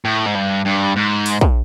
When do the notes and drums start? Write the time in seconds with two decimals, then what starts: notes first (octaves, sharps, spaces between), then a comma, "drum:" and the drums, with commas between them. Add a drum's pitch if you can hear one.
0.05 A2
0.26 G#2
0.35 G2
0.65 G2
0.96 G#2
1.26 drum: open hi-hat
1.41 drum: kick